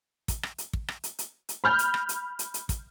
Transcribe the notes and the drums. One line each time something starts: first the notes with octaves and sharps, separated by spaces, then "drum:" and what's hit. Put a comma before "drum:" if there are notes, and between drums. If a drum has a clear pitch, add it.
drum: kick, hi-hat
drum: rim click
drum: hi-hat
drum: kick
drum: rim click
drum: hi-hat
drum: hi-hat
drum: hi-hat
B5 F6 G6
drum: hi-hat
drum: rim click
drum: hi-hat
drum: hi-hat
drum: hi-hat
drum: kick, hi-hat